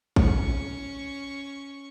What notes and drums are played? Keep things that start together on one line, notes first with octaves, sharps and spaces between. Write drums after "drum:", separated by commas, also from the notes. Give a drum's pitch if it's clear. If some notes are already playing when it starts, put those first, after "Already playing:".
C#4 C#6, drum: kick A1